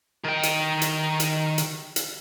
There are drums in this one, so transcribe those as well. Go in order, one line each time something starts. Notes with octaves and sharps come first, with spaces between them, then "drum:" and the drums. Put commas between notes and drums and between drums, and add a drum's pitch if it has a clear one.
D#3 G5
drum: hi-hat
drum: hi-hat
drum: hi-hat
drum: hi-hat
drum: hi-hat